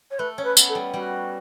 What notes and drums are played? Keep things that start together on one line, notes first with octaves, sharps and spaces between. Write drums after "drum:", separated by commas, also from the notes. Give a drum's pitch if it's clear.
C#5
A3 B4
C#4 C#5
B4
B3, drum: tambourine
A4
G3
G3 F#4